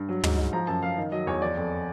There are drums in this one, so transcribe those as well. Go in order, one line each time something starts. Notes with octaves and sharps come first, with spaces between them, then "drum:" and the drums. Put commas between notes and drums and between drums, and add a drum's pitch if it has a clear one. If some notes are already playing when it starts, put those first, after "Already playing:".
Already playing: G2
F#3
G#2, drum: tom
G#2
F3 A#5
F#2 A5
F#2 F5
D#3
F#3 D#5
E2 C#5
F3 D5
F2